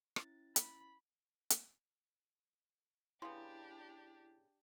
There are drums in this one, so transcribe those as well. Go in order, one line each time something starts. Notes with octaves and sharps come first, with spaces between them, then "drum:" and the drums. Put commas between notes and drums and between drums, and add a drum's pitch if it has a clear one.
C#4 E4 A6, drum: rim click
B5, drum: hi-hat
drum: hi-hat
C#3 B3 D4 E4 G4 C6